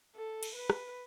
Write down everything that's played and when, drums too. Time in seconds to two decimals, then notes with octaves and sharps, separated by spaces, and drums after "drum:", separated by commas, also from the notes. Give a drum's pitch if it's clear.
0.15 A4
0.43 drum: cymbal
0.56 B4
0.70 drum: rim click